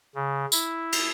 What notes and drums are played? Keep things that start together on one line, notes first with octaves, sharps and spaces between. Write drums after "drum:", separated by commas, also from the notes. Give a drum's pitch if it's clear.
C#3
E4, drum: tambourine
drum: cymbal